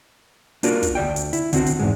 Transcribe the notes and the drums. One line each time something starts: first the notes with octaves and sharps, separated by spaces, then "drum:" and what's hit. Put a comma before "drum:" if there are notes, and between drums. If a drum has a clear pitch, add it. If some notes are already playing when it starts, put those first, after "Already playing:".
A#3 D4 F4 F#4 A#4, drum: hi-hat
drum: kick, hi-hat
D2 D5 G5
drum: hi-hat
E4, drum: hi-hat
D3 C4 F#4, drum: kick, hi-hat
drum: hi-hat
E2 G#2 G#3